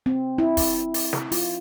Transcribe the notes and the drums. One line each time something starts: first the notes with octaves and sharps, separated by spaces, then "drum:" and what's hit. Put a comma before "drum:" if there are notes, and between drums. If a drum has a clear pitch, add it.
C4
E4
drum: kick, open hi-hat
drum: open hi-hat
drum: snare
F4, drum: open hi-hat